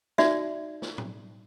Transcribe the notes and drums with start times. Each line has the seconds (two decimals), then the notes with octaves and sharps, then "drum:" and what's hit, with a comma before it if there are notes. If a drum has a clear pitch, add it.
0.18 D#4 F#4 D5 E5, drum: snare
0.82 drum: snare
0.98 drum: tom A2